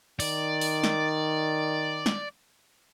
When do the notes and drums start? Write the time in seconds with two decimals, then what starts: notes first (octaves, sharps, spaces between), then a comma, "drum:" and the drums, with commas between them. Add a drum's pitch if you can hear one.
0.20 D#3 D5, drum: open hi-hat
0.61 drum: open hi-hat
0.84 drum: snare
2.06 drum: snare